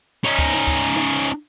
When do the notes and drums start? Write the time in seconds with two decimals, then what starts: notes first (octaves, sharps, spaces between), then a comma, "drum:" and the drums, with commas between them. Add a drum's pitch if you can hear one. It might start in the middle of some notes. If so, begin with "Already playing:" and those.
0.24 C#4 D#4, drum: hi-hat
0.39 drum: kick D2, hi-hat
0.53 drum: snare
0.67 drum: kick D2, hi-hat
0.82 drum: hi-hat
0.96 drum: snare
1.25 drum: hi-hat